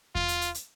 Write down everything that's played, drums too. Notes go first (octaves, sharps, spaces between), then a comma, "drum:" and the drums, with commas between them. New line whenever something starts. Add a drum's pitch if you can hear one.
F4, drum: kick E2
drum: hi-hat
drum: hi-hat
drum: hi-hat